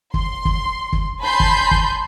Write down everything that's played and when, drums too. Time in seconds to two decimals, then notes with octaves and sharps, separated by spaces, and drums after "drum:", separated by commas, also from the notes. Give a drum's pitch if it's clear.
0.14 C6, drum: kick
0.45 drum: kick
0.93 drum: kick
1.19 G#5 A5 B5 C6 G6
1.40 drum: kick
1.71 drum: kick